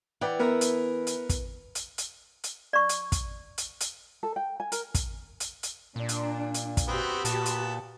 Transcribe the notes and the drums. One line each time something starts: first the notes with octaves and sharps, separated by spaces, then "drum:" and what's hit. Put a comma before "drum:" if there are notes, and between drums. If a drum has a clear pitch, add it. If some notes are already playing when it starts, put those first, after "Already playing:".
E3 D5 F#5 G5
B3 A#4 E5
drum: hi-hat
drum: hi-hat
drum: kick, hi-hat
drum: hi-hat
drum: hi-hat
drum: hi-hat
D5 C#6
drum: hi-hat
drum: kick, hi-hat
drum: hi-hat
drum: hi-hat
A4
G5
G#5
A#4, drum: hi-hat
drum: kick, hi-hat
drum: hi-hat
drum: hi-hat
A#2 D4
drum: hi-hat
drum: hi-hat
drum: kick, hi-hat
B3 C4 F#4 G4
A#2 B3 A5, drum: hi-hat
drum: hi-hat